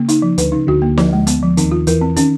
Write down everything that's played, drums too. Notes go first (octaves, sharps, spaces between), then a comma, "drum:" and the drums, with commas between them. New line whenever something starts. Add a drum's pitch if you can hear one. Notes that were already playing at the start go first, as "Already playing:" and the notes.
Already playing: C#3 A#3
D#4, drum: hi-hat
F3
D2 D3 B4, drum: hi-hat
C#3 D#4
D2 D3 F#4
A#3
F3, drum: snare
G#3
B3, drum: hi-hat
F3
D#2 D#3 C4, drum: hi-hat
F4
E2 E3 A#4, drum: hi-hat
C4
D#3 C#4, drum: hi-hat